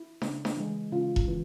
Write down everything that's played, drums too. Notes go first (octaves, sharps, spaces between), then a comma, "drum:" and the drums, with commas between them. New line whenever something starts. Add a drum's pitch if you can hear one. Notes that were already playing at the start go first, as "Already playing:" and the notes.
Already playing: E4
C#3, drum: snare D4
drum: snare D4
E3 G#3
C#3 F4
drum: kick E1
E3